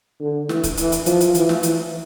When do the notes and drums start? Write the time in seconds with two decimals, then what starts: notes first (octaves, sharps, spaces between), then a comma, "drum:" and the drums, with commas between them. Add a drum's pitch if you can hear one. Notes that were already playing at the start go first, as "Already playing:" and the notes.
0.21 D3
0.49 E3, drum: snare
0.64 drum: kick C#1, hi-hat
0.77 E3, drum: hi-hat
0.92 drum: hi-hat
1.06 F3, drum: hi-hat
1.21 drum: hi-hat
1.35 E3, drum: hi-hat
1.49 drum: snare
1.63 E3, drum: hi-hat